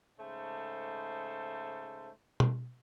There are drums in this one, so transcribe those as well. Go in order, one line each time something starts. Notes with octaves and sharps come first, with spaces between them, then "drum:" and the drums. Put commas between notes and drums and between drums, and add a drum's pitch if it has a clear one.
G#2 C#3 A3 A4 C5
drum: tom B2